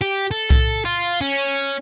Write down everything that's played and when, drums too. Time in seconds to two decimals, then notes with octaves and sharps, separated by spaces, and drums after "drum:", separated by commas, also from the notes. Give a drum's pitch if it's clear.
0.01 G4
0.31 A4
0.50 A4, drum: kick B1
0.85 F4
1.21 C#4